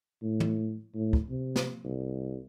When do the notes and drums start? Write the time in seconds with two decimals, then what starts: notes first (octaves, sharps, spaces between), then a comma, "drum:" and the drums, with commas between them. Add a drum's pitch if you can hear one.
0.22 A2
0.40 drum: tom
0.94 A2
1.13 drum: kick
1.29 C3
1.56 drum: snare
1.84 C2